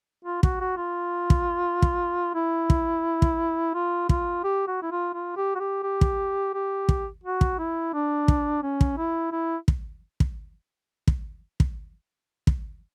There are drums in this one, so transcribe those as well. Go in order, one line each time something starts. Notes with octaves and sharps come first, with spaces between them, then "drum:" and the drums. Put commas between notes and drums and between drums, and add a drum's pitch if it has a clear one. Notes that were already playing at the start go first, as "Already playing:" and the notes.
F4
F#4, drum: kick
F#4
F4
drum: kick
drum: kick
E4
drum: kick
drum: kick
F4
F4, drum: kick
G4
F#4
E4
F4
F4
G4
F#4
G4
G4
drum: kick
G4
drum: kick
F#4
drum: kick
E4
D4
drum: kick
C#4
drum: kick
E4
E4
drum: kick
drum: kick
drum: kick
drum: kick
drum: kick